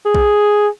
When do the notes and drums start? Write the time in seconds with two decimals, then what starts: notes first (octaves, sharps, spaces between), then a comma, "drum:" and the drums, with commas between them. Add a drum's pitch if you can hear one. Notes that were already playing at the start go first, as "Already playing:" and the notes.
0.05 G#4
0.14 drum: kick A#1